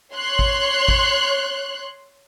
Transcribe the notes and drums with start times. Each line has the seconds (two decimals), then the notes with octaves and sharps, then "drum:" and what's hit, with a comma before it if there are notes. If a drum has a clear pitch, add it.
0.14 C#5 C6 F#6
0.39 drum: kick G#1
0.88 drum: kick G#1